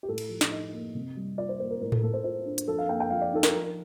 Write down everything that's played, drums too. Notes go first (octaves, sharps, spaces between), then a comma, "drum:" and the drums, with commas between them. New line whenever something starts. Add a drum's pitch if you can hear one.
G4
A2 A4
drum: cymbal
F3
drum: snare
D#4 D#5
A#3
C3
G3
F4 D5
C5
A#3 C5
A#4
A2 A#4
A4, drum: tom A2
A3 A4
C5
F4 C5
D4
drum: hi-hat
F3 A4
F5
A#3 G5
G5
F3 F5
D5
D#4 A4
A#4, drum: snare
F3